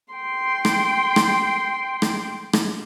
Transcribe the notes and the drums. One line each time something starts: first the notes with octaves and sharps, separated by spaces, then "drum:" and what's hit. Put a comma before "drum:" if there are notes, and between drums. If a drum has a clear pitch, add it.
G5 C6
drum: rim click
drum: rim click
drum: rim click
drum: rim click